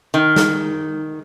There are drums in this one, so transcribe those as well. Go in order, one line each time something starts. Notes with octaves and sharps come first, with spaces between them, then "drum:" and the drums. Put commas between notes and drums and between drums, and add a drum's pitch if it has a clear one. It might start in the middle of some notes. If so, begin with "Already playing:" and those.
D#3
drum: snare